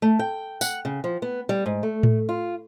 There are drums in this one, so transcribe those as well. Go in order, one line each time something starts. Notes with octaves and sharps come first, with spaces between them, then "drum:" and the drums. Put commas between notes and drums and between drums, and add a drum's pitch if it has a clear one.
A3
G5
F#5, drum: tambourine
C#3
F3
B3
G3
G#2
A3
drum: tom A2
F4